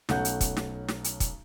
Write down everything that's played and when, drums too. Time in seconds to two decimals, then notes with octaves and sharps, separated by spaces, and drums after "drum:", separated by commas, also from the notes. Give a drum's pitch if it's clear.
0.09 B1 A3 C#4 F#5 G6, drum: snare
0.25 drum: hi-hat
0.41 drum: kick, hi-hat
0.57 drum: snare
0.88 drum: snare
1.04 drum: hi-hat
1.20 drum: kick, hi-hat